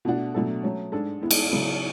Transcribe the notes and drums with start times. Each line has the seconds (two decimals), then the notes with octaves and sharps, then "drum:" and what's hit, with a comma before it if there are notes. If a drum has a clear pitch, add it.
0.05 B2 A3 D4 F#4
0.34 B2 F#3 A3 D4 A4
0.63 F#3 A3 C#4
0.92 G#2 G#3 D4 A4
1.21 A2 E3 G#3 B3 E4
1.31 drum: cymbal
1.50 C#3 F#3 B3 E4